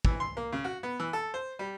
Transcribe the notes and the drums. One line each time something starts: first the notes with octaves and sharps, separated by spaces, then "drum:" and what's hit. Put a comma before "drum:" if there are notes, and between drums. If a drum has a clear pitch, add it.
E3, drum: kick
C6
A#3
C#3
F#4
B3
E3
A4
C5
G3